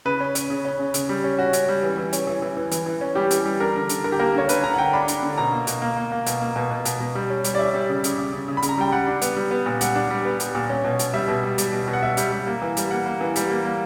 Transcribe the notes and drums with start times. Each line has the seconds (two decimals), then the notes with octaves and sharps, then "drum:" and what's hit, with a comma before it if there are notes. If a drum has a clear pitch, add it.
0.05 C#3 B4
0.20 C#4
0.35 C#4, drum: hi-hat
0.50 C#3
0.65 C#4
0.79 C#3
0.94 C#3, drum: hi-hat
1.09 G3
1.24 C#4
1.39 C#4 F#4
1.53 C#4, drum: hi-hat
1.68 G3
1.83 E3
1.98 E3
2.13 C#4, drum: hi-hat
2.27 E3
2.42 E3
2.57 E3
2.71 E3, drum: hi-hat
2.86 E3
3.01 C#4
3.15 G3 G4
3.31 E3, drum: hi-hat
3.45 G3
3.60 D4 A#4
3.75 D3
3.89 D3, drum: hi-hat
4.04 D3 A#4
4.12 G4
4.19 A#3 A#4
4.34 D3 C#5
4.49 D3 B4, drum: hi-hat
4.64 D3 A#5
4.74 F#5
4.78 D3 G5
4.93 D4 B5
5.08 D4, drum: hi-hat
5.23 D3
5.38 B2 A#5
5.52 A#3
5.67 B2, drum: hi-hat
5.82 A#3
5.97 A#3
6.12 A#3
6.26 B2, drum: hi-hat
6.41 A#3
6.56 B2
6.71 B2
6.85 B2, drum: hi-hat
7.00 B2
7.15 G3
7.30 C#4
7.44 G3, drum: hi-hat
7.55 D5
7.59 C#4 E5
7.74 G3
7.89 C#3
8.04 C#3, drum: hi-hat
8.18 C#3
8.33 C#3
8.48 C#3
8.57 B5
8.62 C#3, drum: hi-hat
8.69 A#5
8.78 G3 G5
8.92 G3 F#5
9.07 D4
9.22 B3, drum: hi-hat
9.36 G3
9.51 B3
9.66 A#2
9.81 G3 F#5, drum: hi-hat
9.95 D4
10.10 G3
10.25 B3
10.40 G3, drum: hi-hat
10.55 A#2
10.70 C#4
10.84 B2
10.99 B2, drum: hi-hat
11.14 G3 E5
11.28 B2
11.43 G3
11.58 G3, drum: hi-hat
11.73 B2
11.88 B2
11.93 F#5
12.02 B2 E5
12.17 G3, drum: hi-hat
12.32 G3
12.47 A#3
12.62 E3
12.77 G3, drum: hi-hat
12.91 A#3 F#5
13.06 A#3
13.21 E3
13.36 G3, drum: hi-hat
13.50 A#3
13.65 A#3